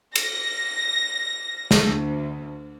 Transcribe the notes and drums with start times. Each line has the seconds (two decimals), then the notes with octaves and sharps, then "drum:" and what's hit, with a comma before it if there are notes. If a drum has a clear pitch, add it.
0.16 A#6, drum: cymbal
1.71 drum: snare
1.83 D2